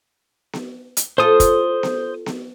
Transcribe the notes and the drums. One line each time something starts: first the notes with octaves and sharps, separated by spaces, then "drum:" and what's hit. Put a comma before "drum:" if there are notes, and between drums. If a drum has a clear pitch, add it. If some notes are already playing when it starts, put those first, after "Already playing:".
drum: snare B3
drum: hi-hat
F4 A4 C5 D#6
drum: kick, hi-hat
drum: snare B3
drum: snare B3